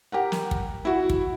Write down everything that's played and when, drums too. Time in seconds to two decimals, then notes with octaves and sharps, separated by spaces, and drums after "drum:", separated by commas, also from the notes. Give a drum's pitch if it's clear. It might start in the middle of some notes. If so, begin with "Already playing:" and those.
0.12 G4 A#4 F#5
0.32 drum: snare
0.51 drum: kick
0.85 E4 F#4
1.10 drum: kick